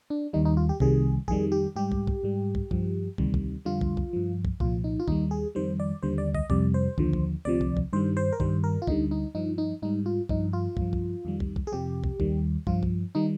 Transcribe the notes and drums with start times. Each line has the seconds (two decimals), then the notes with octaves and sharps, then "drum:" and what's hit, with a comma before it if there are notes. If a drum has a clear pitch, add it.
0.10 D4
0.33 D#2 D#3 G3 D#4
0.45 D#4
0.57 F4
0.69 G4
0.80 C2 C3 D#3 G3 G#4, drum: kick
1.28 F2 D#3 G3 G#4, drum: kick
1.52 G4
1.76 G#2 G3 G4
1.92 drum: kick
2.07 drum: kick
2.23 G#2 G3
2.55 drum: kick
2.71 G2 F3, drum: kick
3.18 D2 C3 D#3 G3, drum: kick
3.34 drum: kick
3.65 F2 D3 G3 F4
3.81 drum: kick
3.97 drum: kick
4.13 G2 F3
4.45 drum: kick
4.60 C2 A#2 F3 F4, drum: kick
4.84 D#4
5.00 F4
5.08 D#2 D#3 G3 D#4, drum: kick
5.31 G#4
5.55 F2 D#3 G3 C5
5.80 D5
6.03 D#2 D3 G3 C5
6.18 D5
6.35 D#5, drum: kick
6.50 F2 C3 G3 D5, drum: kick
6.74 C5
6.98 D#2 D3 F3, drum: kick
7.13 drum: kick
7.45 D2 C3 F3 D5
7.61 drum: kick
7.77 drum: kick
7.93 G2 D#3 G3 C5
8.17 C5
8.33 A#4
8.40 G2 D#3 G3 C5, drum: kick
8.64 A#4
8.82 F4
8.87 D2 D3 G3 D#4, drum: kick
9.11 D#4
9.35 G2 F3 D#4
9.58 D#4
9.82 G#2 G3 D#4
10.06 F4
10.29 G2 F3 D#4, drum: kick
10.53 F4
10.77 G2 F3, drum: kick
10.93 drum: kick
11.25 F2 D#3 G3
11.40 drum: kick
11.56 drum: kick
11.67 G#4
11.72 F2 C3 F3 G4
12.04 drum: kick
12.20 D#2 D#3 G3, drum: kick
12.67 G2 F3 F4, drum: kick
12.83 drum: kick
13.15 D#3 G3 D#4